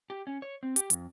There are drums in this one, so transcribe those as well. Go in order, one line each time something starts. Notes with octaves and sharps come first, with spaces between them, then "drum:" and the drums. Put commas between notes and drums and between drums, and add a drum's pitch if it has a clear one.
G4
C#4
C#5
C4
G4, drum: hi-hat
F2, drum: hi-hat